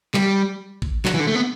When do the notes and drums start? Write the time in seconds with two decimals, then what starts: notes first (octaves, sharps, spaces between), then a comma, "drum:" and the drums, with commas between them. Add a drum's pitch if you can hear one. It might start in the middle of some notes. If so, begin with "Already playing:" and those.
0.14 G3, drum: clap
0.82 drum: kick
1.05 F#3, drum: clap
1.14 E3
1.20 D3
1.27 A3
1.35 B3